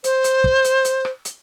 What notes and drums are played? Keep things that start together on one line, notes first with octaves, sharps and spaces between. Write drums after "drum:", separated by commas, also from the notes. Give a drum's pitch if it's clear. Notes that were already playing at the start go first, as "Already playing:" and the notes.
C5, drum: hi-hat
drum: hi-hat
drum: kick
drum: hi-hat
drum: hi-hat
drum: rim click
drum: hi-hat